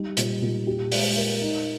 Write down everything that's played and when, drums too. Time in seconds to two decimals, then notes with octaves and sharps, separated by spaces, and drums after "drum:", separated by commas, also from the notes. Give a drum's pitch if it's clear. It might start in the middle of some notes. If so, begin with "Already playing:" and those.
Already playing: G3 D#4
0.17 A#2, drum: hi-hat
0.42 A#2
0.67 G4
0.92 G#3, drum: open hi-hat
1.17 A#4
1.41 D#4